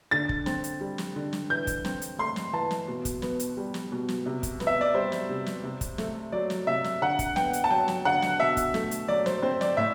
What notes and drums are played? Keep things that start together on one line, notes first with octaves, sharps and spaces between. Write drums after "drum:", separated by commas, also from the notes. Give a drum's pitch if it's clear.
D3 A6
drum: kick
C4, drum: snare
drum: hi-hat
G3
drum: snare
D3
drum: snare
E3 G6
drum: kick, hi-hat
C4, drum: snare
drum: hi-hat
A3 C6
drum: snare
E3 A5
drum: snare
B2
drum: kick, hi-hat
B3, drum: snare
drum: hi-hat
G3
drum: snare
B2
drum: snare
C3
drum: kick, hi-hat
B3, drum: snare
E5
D5
G3 C5
drum: snare
C3
drum: snare
C3
drum: kick, hi-hat
A3, drum: snare
F#3 D5
drum: snare
C3 E5
drum: snare
D3 F#5
drum: kick, hi-hat
B3 G5, drum: snare
drum: hi-hat
A5
F#3 G5
drum: snare
D3 F#5
drum: snare
B2 E5
drum: kick, hi-hat
A3, drum: snare
drum: hi-hat
F#3 D5
C5, drum: snare
C4 C5
D5, drum: snare
A2 E5